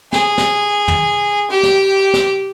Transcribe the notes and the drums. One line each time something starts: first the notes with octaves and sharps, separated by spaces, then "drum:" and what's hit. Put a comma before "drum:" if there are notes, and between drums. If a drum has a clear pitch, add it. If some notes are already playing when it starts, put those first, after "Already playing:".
G#4, drum: snare
drum: snare
drum: tom
G4
drum: snare
drum: snare